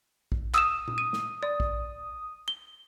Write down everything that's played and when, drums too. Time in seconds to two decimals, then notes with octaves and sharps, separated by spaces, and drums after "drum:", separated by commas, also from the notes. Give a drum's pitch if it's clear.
0.32 drum: kick
0.54 D#6 E6 E7, drum: clap
0.88 drum: tom A#2
0.98 D#7
1.13 drum: snare
1.43 D5
1.60 drum: kick
2.48 G7